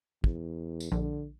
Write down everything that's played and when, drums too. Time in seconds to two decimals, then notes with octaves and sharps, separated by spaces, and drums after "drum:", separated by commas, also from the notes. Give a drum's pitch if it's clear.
0.24 E2, drum: kick
0.80 drum: tambourine
0.92 A#1 D3